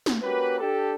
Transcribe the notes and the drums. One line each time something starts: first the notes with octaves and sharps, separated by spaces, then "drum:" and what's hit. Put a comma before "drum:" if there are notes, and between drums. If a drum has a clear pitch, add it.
drum: snare
A#3 C#4 F#4 G4 B4
D4 G4 A4